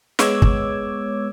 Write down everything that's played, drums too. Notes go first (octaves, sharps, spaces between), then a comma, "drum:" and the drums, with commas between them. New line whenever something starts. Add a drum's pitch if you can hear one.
G#3 B3 C#5 D6 E6 G#6, drum: snare
drum: kick